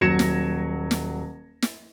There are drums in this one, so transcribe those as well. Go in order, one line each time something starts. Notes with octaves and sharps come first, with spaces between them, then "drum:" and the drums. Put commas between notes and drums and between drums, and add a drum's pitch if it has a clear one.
D#1 F#3 G#6 A#6 C#7 E7
drum: snare
drum: snare
drum: snare